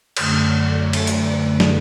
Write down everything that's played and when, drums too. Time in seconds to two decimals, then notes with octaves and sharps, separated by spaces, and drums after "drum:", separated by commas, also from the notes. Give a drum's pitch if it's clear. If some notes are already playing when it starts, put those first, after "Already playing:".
0.17 F#2 D3 A3 A5 C#6, drum: cymbal
0.47 D5 F#5
0.77 C#5 E5
0.93 drum: cymbal
1.07 B4 D5, drum: hi-hat
1.38 B4 D5
1.60 drum: snare